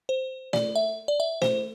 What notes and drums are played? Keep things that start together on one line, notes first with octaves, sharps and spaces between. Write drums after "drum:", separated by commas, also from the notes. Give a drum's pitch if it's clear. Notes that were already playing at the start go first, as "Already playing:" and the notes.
C5
D5, drum: snare
E5
D5
E5
C5, drum: snare